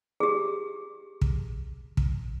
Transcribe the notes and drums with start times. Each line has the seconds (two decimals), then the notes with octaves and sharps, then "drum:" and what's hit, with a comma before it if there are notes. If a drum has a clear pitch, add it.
0.20 G4 G#4
1.22 drum: kick
1.97 drum: kick